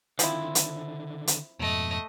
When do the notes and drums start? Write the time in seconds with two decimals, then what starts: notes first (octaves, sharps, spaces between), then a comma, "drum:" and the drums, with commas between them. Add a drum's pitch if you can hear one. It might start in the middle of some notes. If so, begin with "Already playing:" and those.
0.19 D3 D#3 F3 C4 E4, drum: hi-hat
0.55 drum: hi-hat
1.27 drum: hi-hat
1.59 F2 G#2 B2 A3 D#5